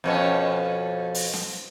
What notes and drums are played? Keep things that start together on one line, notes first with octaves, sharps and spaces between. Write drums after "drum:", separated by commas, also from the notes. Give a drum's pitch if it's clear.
F2 B2 C#4
drum: open hi-hat
drum: snare